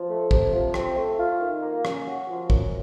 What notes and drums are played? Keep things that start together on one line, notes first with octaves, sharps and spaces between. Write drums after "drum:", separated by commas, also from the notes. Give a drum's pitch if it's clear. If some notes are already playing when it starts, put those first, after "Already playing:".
Already playing: F3
A3
C3, drum: kick
F3
C4, drum: rim click
A3
F4
D#3
A#3
C#4, drum: rim click
F#4
F3
F#2, drum: kick